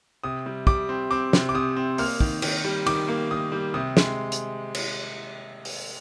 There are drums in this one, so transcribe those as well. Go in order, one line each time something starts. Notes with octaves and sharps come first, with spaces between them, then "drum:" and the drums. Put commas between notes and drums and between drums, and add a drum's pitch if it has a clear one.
C3 D#6
G3
G3 D6, drum: kick
C4
C4 D6
C3, drum: snare
D6
C3 D#6
C4
A#3 F6, drum: open hi-hat
D#3, drum: kick
D#3, drum: cymbal
G3
D#3 D6, drum: cymbal
A#3
D#3 D#6
G3
C3 D#6
G#3, drum: snare
drum: hi-hat
drum: cymbal
drum: open hi-hat